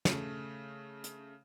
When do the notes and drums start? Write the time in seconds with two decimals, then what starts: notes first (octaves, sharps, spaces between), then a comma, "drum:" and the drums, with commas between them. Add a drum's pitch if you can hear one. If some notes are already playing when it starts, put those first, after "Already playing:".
0.05 C#3 A3, drum: snare
1.04 drum: hi-hat